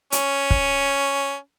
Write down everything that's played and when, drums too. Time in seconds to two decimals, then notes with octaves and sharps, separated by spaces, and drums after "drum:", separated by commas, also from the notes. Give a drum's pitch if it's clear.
0.12 C#4, drum: hi-hat
0.50 drum: kick